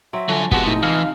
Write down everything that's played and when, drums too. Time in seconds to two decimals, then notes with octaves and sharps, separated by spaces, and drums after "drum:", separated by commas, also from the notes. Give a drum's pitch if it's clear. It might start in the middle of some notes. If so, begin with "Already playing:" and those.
0.13 F#3 C4 E5
0.28 D3 F3 F#3 G#5
0.52 C3 F3 G#3 B3 F#4 F#5 B6, drum: kick
0.66 A2 D#4
0.83 E3 G#3 F5